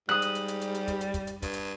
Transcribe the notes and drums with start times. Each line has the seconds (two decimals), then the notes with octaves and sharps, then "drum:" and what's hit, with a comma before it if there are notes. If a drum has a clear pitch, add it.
0.09 G#2 G3 D#6 F#6, drum: snare
0.22 drum: hi-hat
0.35 drum: hi-hat
0.48 drum: hi-hat
0.61 drum: hi-hat
0.74 drum: hi-hat
0.88 drum: kick, hi-hat
1.01 drum: hi-hat
1.14 drum: kick, hi-hat
1.27 drum: hi-hat
1.42 G2, drum: kick, hi-hat
1.53 drum: hi-hat